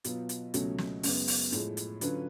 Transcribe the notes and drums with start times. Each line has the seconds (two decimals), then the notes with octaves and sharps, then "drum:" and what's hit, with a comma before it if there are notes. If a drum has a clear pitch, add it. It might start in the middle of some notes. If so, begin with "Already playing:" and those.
0.04 B2 F#3 B3 F4, drum: hi-hat
0.29 drum: hi-hat
0.54 C#2 B2 F#3 A3 C#4, drum: hi-hat
0.78 drum: snare
1.03 F#2 C#3 G#3 B3, drum: open hi-hat
1.28 drum: open hi-hat
1.52 A2 F3 G#3, drum: hi-hat
1.77 drum: hi-hat
2.01 D3 F#3 C#4 F4 B4, drum: hi-hat